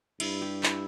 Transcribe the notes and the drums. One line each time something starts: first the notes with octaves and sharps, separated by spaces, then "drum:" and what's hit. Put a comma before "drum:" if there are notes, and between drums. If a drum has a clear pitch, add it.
G2 E4, drum: cymbal
G4
E4, drum: clap